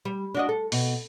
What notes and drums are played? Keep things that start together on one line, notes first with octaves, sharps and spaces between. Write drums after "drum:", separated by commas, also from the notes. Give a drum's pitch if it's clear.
G3
D4 F#4 D#5
A4
B2, drum: open hi-hat